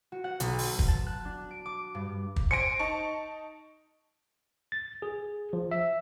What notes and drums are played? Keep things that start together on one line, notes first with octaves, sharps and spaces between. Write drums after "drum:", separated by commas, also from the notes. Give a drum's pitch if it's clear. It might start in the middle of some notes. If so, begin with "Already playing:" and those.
F#4
F#5
B1, drum: hi-hat
C6, drum: open hi-hat
drum: kick
A5
F#6
D4
D7
D6
G2
drum: kick
C5 G#5 A#6 C#7 D7
D#4 A5 C#6
A6
G#4
F3
E5